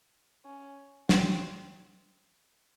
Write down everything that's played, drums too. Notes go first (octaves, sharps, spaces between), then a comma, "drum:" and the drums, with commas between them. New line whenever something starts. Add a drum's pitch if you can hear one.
C#4
C4, drum: snare